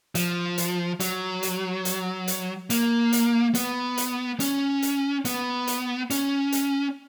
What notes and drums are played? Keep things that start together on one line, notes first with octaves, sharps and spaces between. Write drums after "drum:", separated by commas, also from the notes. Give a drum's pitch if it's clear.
F3, drum: hi-hat
drum: hi-hat
F#3, drum: hi-hat
drum: hi-hat
drum: hi-hat
drum: hi-hat
A#3, drum: hi-hat
drum: hi-hat
B3, drum: hi-hat
drum: hi-hat
C#4, drum: hi-hat
drum: hi-hat
B3, drum: hi-hat
drum: hi-hat
C#4, drum: hi-hat
drum: hi-hat